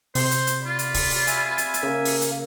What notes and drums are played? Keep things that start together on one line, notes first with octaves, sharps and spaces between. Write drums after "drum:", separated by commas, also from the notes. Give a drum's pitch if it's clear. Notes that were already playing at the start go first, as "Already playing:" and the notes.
C3 C5, drum: open hi-hat
drum: hi-hat
drum: hi-hat
F4 D5 B5
drum: hi-hat
drum: kick, open hi-hat
drum: open hi-hat
E5 G#5, drum: hi-hat
drum: hi-hat
drum: hi-hat
C#3 A#3
drum: open hi-hat
drum: hi-hat